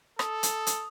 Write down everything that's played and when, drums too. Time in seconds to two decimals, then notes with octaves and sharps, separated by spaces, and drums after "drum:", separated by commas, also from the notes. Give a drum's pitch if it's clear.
0.19 A4 D#6, drum: rim click
0.43 drum: hi-hat
0.67 drum: hi-hat